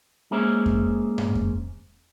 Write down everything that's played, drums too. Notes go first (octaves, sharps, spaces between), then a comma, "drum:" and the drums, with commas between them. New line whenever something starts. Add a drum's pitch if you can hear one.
G#3 A#3 C#4 G#4 C5 E5
drum: kick F2
drum: tom G2
drum: kick F2